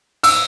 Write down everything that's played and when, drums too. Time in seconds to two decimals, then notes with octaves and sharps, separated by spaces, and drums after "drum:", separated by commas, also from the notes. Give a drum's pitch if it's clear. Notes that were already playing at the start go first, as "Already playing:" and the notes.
0.23 E6, drum: cymbal